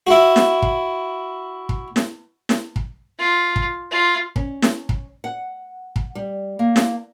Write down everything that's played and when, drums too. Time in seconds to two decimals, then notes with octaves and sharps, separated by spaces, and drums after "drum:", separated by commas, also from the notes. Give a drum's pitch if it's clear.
0.07 E4 F#4
0.36 drum: snare
0.62 drum: kick
1.69 drum: kick
1.96 drum: snare
2.49 drum: snare
2.76 drum: kick
3.19 F4
3.56 drum: kick
3.92 F4
4.36 C#4, drum: kick
4.62 drum: snare
4.89 drum: kick
5.24 F#5
5.96 drum: kick
6.15 G3
6.59 A#3
6.76 drum: snare